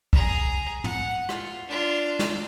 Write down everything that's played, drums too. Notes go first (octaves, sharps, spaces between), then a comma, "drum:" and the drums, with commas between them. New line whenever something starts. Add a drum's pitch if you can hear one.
G#4 A#5, drum: kick
F#5, drum: tom
F4, drum: rim click
D4 F4
drum: snare